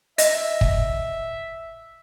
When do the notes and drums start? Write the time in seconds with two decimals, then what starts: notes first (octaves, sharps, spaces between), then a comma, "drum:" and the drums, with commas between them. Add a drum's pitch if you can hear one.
0.18 D#5 E5, drum: hi-hat
0.61 drum: kick